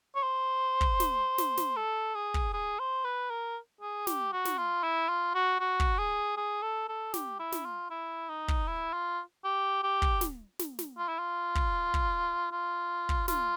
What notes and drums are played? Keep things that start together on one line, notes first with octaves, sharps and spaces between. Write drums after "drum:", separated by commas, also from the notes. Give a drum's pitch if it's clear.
C#5
C5
drum: kick
drum: snare
drum: snare
drum: snare
A4
G#4
drum: kick
G#4
C5
B4
A#4
G#4
G4, drum: snare
F#4
drum: snare
F4
E4
F4
F#4
F#4
drum: kick
G#4
G#4
A4
A4
G4, drum: snare
E4
drum: snare
F4
E4
D#4
drum: kick
E4
F4
G4
G4
drum: kick
drum: snare
drum: snare
drum: snare
F4
E4
F4
drum: kick
drum: kick
F4
drum: kick
F4, drum: snare